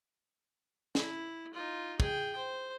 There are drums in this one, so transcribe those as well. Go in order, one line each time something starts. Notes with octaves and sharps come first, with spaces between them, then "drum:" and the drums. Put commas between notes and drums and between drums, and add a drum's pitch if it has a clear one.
E4, drum: snare
D#4 F4
G#4 G5, drum: kick
C5